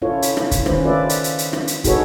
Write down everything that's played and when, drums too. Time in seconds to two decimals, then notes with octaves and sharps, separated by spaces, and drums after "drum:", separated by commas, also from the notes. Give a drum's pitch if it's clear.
0.02 C#4 E4 F4 A4 C#5
0.22 drum: hi-hat
0.37 drum: rim click
0.51 drum: kick, hi-hat
0.66 D#3 C#4 B4 C5, drum: rim click
0.84 F4 A4 B4 D5 E5
1.09 drum: hi-hat
1.24 drum: hi-hat
1.38 drum: hi-hat
1.53 drum: rim click
1.67 drum: hi-hat
1.84 D#4 F#4 G#4 A4 B4 C#5, drum: kick, hi-hat